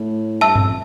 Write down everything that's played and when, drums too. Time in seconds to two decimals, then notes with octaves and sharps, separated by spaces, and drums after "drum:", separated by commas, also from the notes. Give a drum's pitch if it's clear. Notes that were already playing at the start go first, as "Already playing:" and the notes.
Already playing: A2
0.41 G2 E5 A5 E6
0.55 F2, drum: tom G2